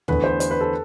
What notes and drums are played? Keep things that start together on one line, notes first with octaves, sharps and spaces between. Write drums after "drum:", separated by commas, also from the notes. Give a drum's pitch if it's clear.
E2 D3 A3 B4, drum: tom
C5
C5, drum: hi-hat
B4
A4